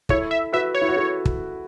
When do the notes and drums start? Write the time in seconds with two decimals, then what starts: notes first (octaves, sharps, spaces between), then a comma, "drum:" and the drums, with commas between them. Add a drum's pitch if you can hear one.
0.09 E4 A4 C#5, drum: kick
0.31 E5
0.53 F#4 B4 E5
0.74 C#5
0.82 E4
0.88 F#4
0.96 E4 A4
1.25 drum: kick